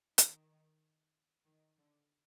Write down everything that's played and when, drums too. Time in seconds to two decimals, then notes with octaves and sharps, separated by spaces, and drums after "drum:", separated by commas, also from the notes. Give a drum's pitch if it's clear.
0.18 D#3, drum: hi-hat
1.45 D#3
1.78 D3